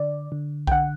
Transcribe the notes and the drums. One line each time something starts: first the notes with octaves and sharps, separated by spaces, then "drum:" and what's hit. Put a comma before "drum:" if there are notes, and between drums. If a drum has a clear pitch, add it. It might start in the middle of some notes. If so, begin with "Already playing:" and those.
Already playing: D3 D5
D3
G5, drum: kick B1
D3 F#5